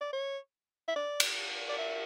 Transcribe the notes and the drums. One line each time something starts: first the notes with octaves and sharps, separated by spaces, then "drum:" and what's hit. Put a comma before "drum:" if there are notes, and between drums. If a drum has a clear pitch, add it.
D5
C#5
E5
D5
drum: cymbal
D5
E5